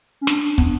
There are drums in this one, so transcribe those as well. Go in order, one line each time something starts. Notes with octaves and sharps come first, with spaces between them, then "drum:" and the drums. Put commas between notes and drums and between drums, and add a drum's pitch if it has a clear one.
C#4
D4, drum: snare
B3, drum: kick, hi-hat